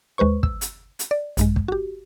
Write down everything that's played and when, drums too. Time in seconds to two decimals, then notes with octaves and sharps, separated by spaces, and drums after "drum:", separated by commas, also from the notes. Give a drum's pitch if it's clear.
0.18 D#2 G#3 B4 C5 C#6
0.43 E6, drum: kick
0.61 drum: hi-hat
0.99 drum: hi-hat
1.11 D5
1.37 A#1 G2 G#3, drum: hi-hat
1.56 drum: kick
1.68 F#4 G4